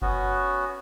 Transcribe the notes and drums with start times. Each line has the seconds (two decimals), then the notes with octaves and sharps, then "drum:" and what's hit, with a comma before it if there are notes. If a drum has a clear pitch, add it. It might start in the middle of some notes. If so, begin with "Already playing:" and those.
0.02 B3 C#4 F#4, drum: kick F#1